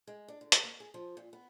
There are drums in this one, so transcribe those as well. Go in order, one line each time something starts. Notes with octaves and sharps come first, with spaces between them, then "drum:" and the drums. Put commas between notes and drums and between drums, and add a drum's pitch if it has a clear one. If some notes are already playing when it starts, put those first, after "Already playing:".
G#3
D4
D3
G#3, drum: hi-hat
A#3
G#4
F3
A#2
B3